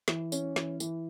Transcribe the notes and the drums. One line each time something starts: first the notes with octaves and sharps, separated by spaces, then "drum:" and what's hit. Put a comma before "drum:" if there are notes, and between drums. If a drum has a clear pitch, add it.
E3, drum: snare
C#4, drum: tambourine
E3, drum: snare
E3, drum: tambourine